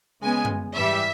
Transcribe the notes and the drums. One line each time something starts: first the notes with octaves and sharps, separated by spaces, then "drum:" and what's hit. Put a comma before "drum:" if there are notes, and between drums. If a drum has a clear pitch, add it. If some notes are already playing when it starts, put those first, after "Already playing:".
C#3 G#3 B3 G#5
drum: tom F#2
G#2 E3 G3 E5